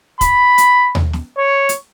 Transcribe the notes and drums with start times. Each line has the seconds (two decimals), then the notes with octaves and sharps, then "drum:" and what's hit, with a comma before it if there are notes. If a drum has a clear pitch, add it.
0.21 B5, drum: kick, hi-hat
0.58 drum: hi-hat
0.95 drum: tom D#2
1.13 drum: snare
1.38 C#5
1.69 drum: hi-hat